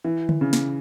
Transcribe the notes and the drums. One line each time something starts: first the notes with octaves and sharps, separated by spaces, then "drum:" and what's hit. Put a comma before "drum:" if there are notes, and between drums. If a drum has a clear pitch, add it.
E3
drum: tom D3
C#3
drum: snare